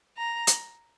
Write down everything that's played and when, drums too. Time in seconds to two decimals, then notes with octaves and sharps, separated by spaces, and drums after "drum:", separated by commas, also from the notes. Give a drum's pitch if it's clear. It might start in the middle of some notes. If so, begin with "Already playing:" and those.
0.17 A#5
0.47 drum: hi-hat